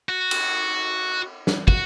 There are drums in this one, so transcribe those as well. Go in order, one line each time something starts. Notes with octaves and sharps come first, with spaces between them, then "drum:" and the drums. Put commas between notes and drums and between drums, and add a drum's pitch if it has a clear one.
F#4
drum: cymbal
drum: snare
F#4, drum: kick